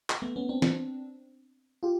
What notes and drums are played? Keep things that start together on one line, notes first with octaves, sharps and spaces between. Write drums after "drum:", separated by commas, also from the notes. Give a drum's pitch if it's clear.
drum: clap
A3 B3
B3 C#4
C4 D4
C4 D4, drum: snare
F4 G4